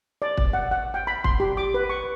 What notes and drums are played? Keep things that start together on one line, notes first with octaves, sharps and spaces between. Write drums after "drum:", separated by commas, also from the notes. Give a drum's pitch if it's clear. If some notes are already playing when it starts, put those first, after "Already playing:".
D5
drum: kick
F#5
F#5
G5
B5
C6, drum: kick
G4
D6
B4
C#6